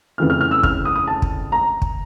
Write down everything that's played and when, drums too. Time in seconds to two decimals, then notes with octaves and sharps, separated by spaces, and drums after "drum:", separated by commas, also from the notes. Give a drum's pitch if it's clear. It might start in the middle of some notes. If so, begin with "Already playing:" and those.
0.18 F2 C#3 E3 A3 F6
0.30 F6
0.41 F6
0.51 E6
0.63 F6, drum: kick
0.85 D#6
0.96 D#6
1.07 A5
1.22 drum: kick
1.52 A#5
1.82 drum: kick